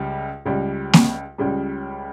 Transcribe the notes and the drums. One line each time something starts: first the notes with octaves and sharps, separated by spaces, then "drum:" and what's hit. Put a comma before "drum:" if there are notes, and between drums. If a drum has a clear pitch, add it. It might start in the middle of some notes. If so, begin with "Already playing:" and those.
Already playing: C#2 C#3 G3
C#2 C#3 G3
drum: snare A#3
C#2 C#3 G3